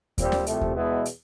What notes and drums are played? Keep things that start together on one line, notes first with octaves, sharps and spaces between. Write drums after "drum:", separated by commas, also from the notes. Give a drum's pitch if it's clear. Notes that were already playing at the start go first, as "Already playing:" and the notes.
A#2 G3 C4, drum: kick D#2, hi-hat
drum: snare
C2 C3 F3 A3, drum: hi-hat
drum: kick D#2
E2 B2 G#3 B3 E4
drum: hi-hat